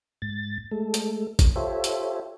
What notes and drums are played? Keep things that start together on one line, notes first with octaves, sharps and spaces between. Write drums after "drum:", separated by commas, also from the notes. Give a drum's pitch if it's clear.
G#2 A6
G#3 A3 A4
drum: hi-hat
drum: kick G#1, hi-hat
F4 G4 A4 C5 C#5 E5
drum: hi-hat